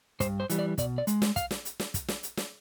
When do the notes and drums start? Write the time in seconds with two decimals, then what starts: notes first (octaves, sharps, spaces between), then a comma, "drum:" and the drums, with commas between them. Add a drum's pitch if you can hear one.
0.20 G2 C5, drum: kick, hi-hat
0.40 C5
0.50 E3 G3, drum: hi-hat
0.59 D5
0.78 B2 D5, drum: kick, hi-hat
0.98 D5
1.07 G#3, drum: hi-hat
1.22 drum: snare
1.36 F5, drum: kick, hi-hat
1.51 drum: snare
1.65 drum: hi-hat
1.80 drum: snare
1.94 drum: kick, hi-hat
2.08 drum: snare
2.23 drum: hi-hat
2.37 drum: snare